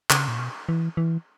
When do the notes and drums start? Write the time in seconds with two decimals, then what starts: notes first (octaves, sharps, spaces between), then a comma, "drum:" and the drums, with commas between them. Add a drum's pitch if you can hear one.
0.10 C#3, drum: clap
0.28 A#2
0.39 B2
0.69 E3
0.97 E3